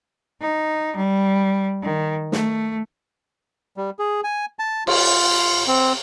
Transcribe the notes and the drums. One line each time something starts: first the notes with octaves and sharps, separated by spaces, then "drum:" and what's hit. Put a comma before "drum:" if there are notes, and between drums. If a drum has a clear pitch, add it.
D#4
G3
D#3
A3, drum: snare
G3
G#4
G#5
A5
F4, drum: cymbal
C4